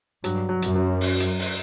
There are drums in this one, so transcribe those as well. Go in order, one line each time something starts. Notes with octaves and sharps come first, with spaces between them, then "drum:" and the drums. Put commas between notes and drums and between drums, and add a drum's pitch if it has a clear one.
G2 F#3, drum: hi-hat
F#3
F#2, drum: hi-hat
F#3
drum: open hi-hat
drum: hi-hat
drum: open hi-hat